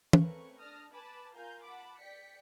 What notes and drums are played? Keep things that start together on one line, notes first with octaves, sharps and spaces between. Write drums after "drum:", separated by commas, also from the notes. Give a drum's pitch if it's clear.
A3 C4 C#4 A#4 B4 C#6, drum: tom
D4 A5 D#6 F6 A#6
B4 G#5 A5 B5 D6
F4 A#4 F5 G#5 A#5 G6
F#5 A5 B5 D6
D5 G5 B6 C#7